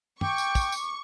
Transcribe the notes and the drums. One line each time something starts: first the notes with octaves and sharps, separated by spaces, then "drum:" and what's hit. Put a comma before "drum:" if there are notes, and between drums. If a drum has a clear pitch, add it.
G5 C#6 D6, drum: tom
drum: tambourine
drum: kick, tambourine
drum: tambourine